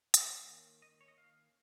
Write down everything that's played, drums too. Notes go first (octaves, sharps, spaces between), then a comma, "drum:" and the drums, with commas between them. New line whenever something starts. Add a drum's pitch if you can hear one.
D#3 A#3 C#4, drum: hi-hat
F5
D#5
C#5
D#5
F5